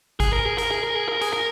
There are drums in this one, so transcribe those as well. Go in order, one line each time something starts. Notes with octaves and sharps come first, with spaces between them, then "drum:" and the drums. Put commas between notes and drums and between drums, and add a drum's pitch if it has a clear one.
G#4, drum: kick G#1, hi-hat
A#4
G#4
A#4, drum: hi-hat
G#4
A#4
G#4
A#4
G#4, drum: hi-hat
A#4